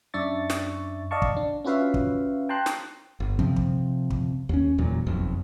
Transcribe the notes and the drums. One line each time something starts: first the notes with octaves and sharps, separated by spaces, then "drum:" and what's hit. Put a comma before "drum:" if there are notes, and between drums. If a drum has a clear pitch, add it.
F#2 D4 D5 E5 C#6 A6
drum: snare
D5 D#5 F5 A5 C#6
drum: kick
D4
C#4 F4 F#4 B4 E5 F5
drum: kick
G5 A5 A#5 C6 F#6
drum: snare
G1
C3 F3 C4, drum: kick
drum: kick
drum: kick
D#2 C#4
E1 E2 A#2 F#3
F#1 B1 F2